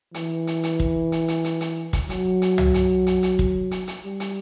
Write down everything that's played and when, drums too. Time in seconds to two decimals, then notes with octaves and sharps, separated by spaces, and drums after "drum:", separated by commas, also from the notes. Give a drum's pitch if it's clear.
0.14 E3, drum: hi-hat
0.47 drum: hi-hat
0.63 drum: hi-hat
0.80 drum: kick
1.12 drum: hi-hat
1.28 drum: hi-hat
1.44 drum: hi-hat
1.61 drum: hi-hat
1.93 drum: kick, hi-hat
2.10 F#3, drum: hi-hat
2.42 drum: hi-hat
2.58 drum: tom C2
2.74 drum: hi-hat
3.07 drum: hi-hat
3.23 drum: hi-hat
3.39 drum: kick
3.71 drum: hi-hat
3.88 drum: hi-hat
4.04 G3
4.20 drum: hi-hat